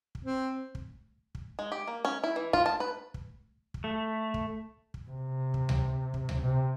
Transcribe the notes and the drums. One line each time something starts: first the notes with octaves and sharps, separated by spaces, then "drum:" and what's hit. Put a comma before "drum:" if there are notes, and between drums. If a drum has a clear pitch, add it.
drum: kick
C4
drum: kick
drum: kick
G#3
G4
A#3
C#4
E4
E3
F4, drum: kick
A5
B4
drum: kick
drum: kick
A3
drum: kick
drum: kick
C3
drum: kick
drum: tom C#2
drum: kick
drum: tom C#2
C3